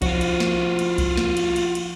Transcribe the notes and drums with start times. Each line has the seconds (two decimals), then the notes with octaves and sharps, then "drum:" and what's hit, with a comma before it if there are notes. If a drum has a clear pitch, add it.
0.02 F3 F4 F#4, drum: kick C2, cymbal
0.21 drum: cymbal
0.40 drum: snare
0.79 drum: cymbal
0.98 drum: kick C2, cymbal
1.17 drum: snare
1.37 drum: cymbal
1.56 drum: cymbal
1.75 drum: cymbal